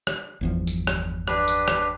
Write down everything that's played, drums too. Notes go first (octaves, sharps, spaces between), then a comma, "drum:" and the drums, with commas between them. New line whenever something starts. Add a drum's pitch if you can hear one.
drum: rim click
G1 E2 F3
drum: tambourine
drum: rim click
D4 G4 B4, drum: rim click
drum: tambourine
drum: rim click